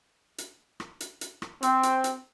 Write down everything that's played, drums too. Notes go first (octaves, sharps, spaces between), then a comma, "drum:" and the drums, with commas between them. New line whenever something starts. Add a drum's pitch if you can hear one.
drum: hi-hat
drum: rim click
drum: hi-hat
drum: hi-hat
drum: rim click
C4, drum: hi-hat
drum: hi-hat
drum: hi-hat